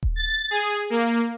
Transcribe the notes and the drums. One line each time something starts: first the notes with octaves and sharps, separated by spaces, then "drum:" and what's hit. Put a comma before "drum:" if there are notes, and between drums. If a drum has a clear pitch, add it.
drum: kick D#1
A6
G#4
A#3